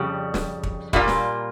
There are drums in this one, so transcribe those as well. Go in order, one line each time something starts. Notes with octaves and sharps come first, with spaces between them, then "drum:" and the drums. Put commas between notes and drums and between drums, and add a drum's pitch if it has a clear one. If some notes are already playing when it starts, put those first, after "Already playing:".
Already playing: F2 C#3 G3
drum: snare
drum: kick
A#2 G3 A#3 F4, drum: kick
drum: snare